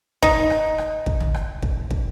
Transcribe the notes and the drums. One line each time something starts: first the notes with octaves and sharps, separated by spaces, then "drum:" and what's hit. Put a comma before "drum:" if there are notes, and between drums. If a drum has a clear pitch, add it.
D#4, drum: kick
drum: rim click
drum: rim click
drum: kick
drum: tom
drum: rim click
drum: kick
drum: kick